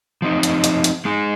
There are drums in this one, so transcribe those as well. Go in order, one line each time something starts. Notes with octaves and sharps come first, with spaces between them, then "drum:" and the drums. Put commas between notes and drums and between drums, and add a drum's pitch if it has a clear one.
F3 C4 D#4 G4
drum: hi-hat
drum: hi-hat
drum: hi-hat
G#3 D#4 G#4